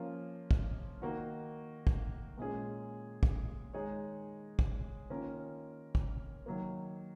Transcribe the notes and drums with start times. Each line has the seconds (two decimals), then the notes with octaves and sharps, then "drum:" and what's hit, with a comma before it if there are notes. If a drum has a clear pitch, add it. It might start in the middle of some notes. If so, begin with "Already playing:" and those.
Already playing: F3 A#3 C#4 F4
0.51 drum: kick
1.02 D#3 A#3 D#4 F#4
1.87 drum: kick
2.38 A#2 G#3 C#4 G#4
3.23 drum: kick
3.73 D#3 G#3 D#4 G#4 C#5
4.59 drum: kick
5.10 D#3 A#3 C#4 F4 A#4
5.95 drum: kick
6.46 D#3 F#3 A#3